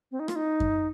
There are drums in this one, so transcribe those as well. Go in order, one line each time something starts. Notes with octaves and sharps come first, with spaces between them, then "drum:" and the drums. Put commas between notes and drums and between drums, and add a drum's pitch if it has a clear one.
C4
D#4
F4, drum: rim click
D#4
drum: kick F#2